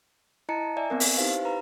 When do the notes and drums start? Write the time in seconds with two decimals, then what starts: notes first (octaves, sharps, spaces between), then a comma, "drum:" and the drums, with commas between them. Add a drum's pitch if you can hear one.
0.49 E4 D#5 A5 A#5 C#7
0.77 D5 E5 G#5
0.90 B3 C4 A#4
1.00 drum: open hi-hat
1.17 D#4 E4 G4 B4 C5 F5
1.45 B4 A#5